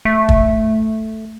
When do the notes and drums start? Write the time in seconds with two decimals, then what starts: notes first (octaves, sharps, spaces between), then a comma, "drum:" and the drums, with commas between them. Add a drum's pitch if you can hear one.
0.05 A3
0.29 drum: kick